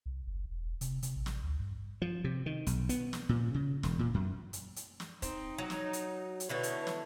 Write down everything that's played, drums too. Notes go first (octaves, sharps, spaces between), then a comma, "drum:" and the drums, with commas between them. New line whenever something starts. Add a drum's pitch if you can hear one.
C2
F#1
E1
C3, drum: hi-hat
C3, drum: hi-hat
A1
drum: snare
D2
G2
F3
C3
D#3
B1, drum: hi-hat
B3, drum: hi-hat
drum: snare
A#2
C#3
E1, drum: snare
A#2
F#2
drum: hi-hat
drum: hi-hat
drum: snare
C4 D#4, drum: kick, hi-hat
F#3
drum: snare
drum: hi-hat
drum: hi-hat
B2 D3 E4 B4 C#5
drum: hi-hat
drum: snare